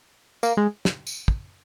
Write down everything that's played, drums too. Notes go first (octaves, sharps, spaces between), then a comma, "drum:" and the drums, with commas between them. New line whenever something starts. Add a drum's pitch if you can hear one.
A#3, drum: tambourine
G#3
drum: snare
drum: tambourine
drum: kick